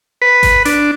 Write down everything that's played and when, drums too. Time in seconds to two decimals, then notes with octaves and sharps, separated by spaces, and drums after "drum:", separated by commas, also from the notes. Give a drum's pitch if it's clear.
0.22 B4
0.43 drum: kick G#1, hi-hat
0.65 D4, drum: hi-hat